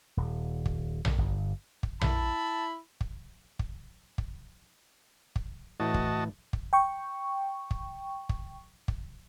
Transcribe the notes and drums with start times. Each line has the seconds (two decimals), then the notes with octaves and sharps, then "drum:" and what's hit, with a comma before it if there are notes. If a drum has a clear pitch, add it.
0.17 D#1
0.66 drum: kick
1.05 drum: tom A#1
1.18 G1
1.83 drum: kick
2.01 E4 A5 B5, drum: tom A#1
3.01 drum: kick
3.59 drum: kick
4.18 drum: kick
5.36 drum: kick
5.80 A2 E3 F#4 D#5 A5
5.94 drum: kick
6.53 drum: kick
6.73 G5 C#6
7.71 drum: kick
8.29 drum: kick
8.88 drum: kick